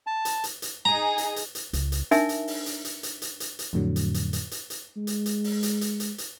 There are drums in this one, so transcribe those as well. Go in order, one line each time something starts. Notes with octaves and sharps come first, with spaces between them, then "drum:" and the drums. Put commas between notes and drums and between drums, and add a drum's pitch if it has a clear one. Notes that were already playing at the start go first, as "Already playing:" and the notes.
A5
drum: hi-hat
drum: hi-hat
drum: hi-hat
D#4 G#4 A#5
drum: hi-hat
drum: hi-hat
drum: hi-hat
C#2, drum: hi-hat
drum: hi-hat
D4 D#4 A#4 E5 G#5, drum: hi-hat
drum: hi-hat
drum: open hi-hat
drum: hi-hat
drum: hi-hat
drum: hi-hat
drum: hi-hat
drum: hi-hat
drum: hi-hat
F2 A2 D3 F#3
drum: hi-hat
drum: hi-hat
drum: hi-hat
drum: hi-hat
drum: hi-hat
G#3
drum: hi-hat
drum: hi-hat
drum: open hi-hat
drum: hi-hat
drum: hi-hat
drum: hi-hat
drum: hi-hat